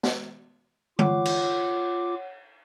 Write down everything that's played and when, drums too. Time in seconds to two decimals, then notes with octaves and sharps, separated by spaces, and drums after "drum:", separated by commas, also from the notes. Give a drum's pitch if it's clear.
0.03 drum: snare
0.99 F4 C#5 F#5 D6, drum: tom D3
1.25 drum: cymbal